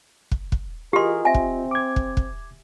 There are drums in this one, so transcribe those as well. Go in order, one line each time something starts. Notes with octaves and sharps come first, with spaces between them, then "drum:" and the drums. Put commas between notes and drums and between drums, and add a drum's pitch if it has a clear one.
drum: kick
drum: kick
E3 F4 G4 G#4 A#4 D#5 C6
C4 E5 G#5
drum: kick
D6 G#6
drum: kick
drum: kick